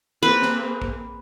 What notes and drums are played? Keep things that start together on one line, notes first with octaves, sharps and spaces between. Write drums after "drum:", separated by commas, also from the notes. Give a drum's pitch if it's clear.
A#3 C4 G#4 B4 B5
drum: snare
drum: kick A1